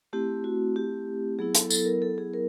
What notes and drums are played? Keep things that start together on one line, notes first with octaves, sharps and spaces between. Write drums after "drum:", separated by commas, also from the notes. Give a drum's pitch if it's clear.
A3 C4 E4 G4
F#4
G4
F#3 B3 E4 G#4
A4, drum: hi-hat
A4, drum: tambourine
A#4
A4
G#4
A#4